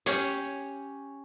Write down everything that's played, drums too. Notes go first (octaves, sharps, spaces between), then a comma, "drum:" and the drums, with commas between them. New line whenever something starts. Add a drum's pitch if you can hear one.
C#4 G4 C#5, drum: hi-hat